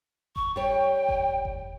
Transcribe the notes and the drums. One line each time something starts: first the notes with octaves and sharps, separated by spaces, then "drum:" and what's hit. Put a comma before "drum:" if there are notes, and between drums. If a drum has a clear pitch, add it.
C#6, drum: kick F#1
G3 C#5 G5
drum: kick F#1
drum: kick F#1